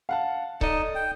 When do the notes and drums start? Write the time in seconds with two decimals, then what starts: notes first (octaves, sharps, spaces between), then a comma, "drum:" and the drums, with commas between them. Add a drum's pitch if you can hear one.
0.09 F5 F#5 A5
0.61 D#4 A4 D5 D#5, drum: kick C#1
0.95 G5